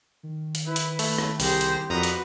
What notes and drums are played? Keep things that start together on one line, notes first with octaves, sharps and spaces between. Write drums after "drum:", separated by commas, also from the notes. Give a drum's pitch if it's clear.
D#3
drum: hi-hat
E4 B4
drum: hi-hat
A3, drum: open hi-hat
drum: rim click
C2 G4 G#4 C5 A#6, drum: open hi-hat
drum: hi-hat
F2 F#4 A#4 B4 D5 A#5 D#6
drum: hi-hat